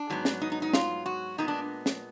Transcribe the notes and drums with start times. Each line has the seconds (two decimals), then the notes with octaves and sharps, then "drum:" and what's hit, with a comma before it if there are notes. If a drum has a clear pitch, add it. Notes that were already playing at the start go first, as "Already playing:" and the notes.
Already playing: D4
0.10 G#2 F#3 B3
0.25 drum: snare
0.42 D#4
0.52 D#4
0.62 D#4
0.73 F4, drum: snare
1.06 F#4
1.38 A#2 G#3 B3 D#4
1.48 D4
1.86 drum: snare